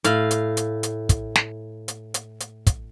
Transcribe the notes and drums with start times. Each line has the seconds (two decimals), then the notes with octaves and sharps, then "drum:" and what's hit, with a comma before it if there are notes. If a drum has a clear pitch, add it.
0.04 A2 F5, drum: hi-hat
0.31 drum: hi-hat
0.57 drum: hi-hat
0.83 drum: hi-hat
1.09 drum: kick, hi-hat
1.36 drum: snare
1.88 drum: hi-hat
2.14 drum: hi-hat
2.40 drum: hi-hat
2.67 drum: kick, hi-hat